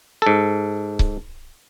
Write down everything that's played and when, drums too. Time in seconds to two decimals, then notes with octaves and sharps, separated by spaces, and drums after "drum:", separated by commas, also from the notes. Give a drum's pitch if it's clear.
0.22 G#2 A4
0.99 drum: kick C#1